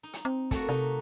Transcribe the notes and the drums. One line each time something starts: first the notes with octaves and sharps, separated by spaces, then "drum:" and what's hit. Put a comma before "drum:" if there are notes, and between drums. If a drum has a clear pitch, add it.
D#4
drum: hi-hat
C4
A3 A#3 F#4, drum: kick, hi-hat
C3 D#4